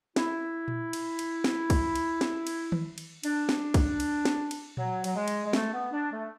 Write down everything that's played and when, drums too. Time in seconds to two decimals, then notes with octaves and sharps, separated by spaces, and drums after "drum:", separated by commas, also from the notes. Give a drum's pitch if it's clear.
0.16 E4, drum: snare
0.68 drum: tom A#2
0.93 drum: cymbal
1.19 drum: cymbal
1.44 drum: snare
1.70 drum: kick, cymbal
1.95 drum: cymbal
2.21 drum: snare
2.47 drum: cymbal
2.72 drum: tom D#3
2.98 drum: cymbal
3.23 D4, drum: cymbal
3.49 drum: snare
3.74 drum: kick, cymbal
4.00 drum: cymbal
4.25 drum: snare
4.51 drum: cymbal
4.77 F#3, drum: tom A#2
5.04 F#3, drum: cymbal
5.15 G#3
5.28 drum: cymbal
5.45 G#3
5.53 A3, drum: snare
5.72 B3
5.92 D4
6.11 A3